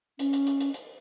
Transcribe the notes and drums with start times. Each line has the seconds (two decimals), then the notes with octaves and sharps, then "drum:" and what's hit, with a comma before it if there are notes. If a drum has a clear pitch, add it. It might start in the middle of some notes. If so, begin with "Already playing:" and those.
0.19 C#4, drum: hi-hat
0.33 drum: hi-hat
0.47 drum: hi-hat
0.61 drum: hi-hat
0.74 drum: hi-hat